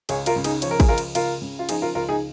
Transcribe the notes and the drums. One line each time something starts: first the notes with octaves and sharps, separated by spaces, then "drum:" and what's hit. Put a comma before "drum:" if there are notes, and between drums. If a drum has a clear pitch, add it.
C#2 G#4 C#5, drum: cymbal
F4 A#4, drum: cymbal
C#3
D#4 G#4, drum: cymbal
F3 C#5, drum: cymbal
A#4
G#4, drum: kick, cymbal
C#2 F4 A#4
drum: cymbal
C#2 F4 A#4, drum: cymbal
C#3
F4
F3 D#4 G#4, drum: cymbal
F4 A#4
C#2 F4 A#4
D#4 G#4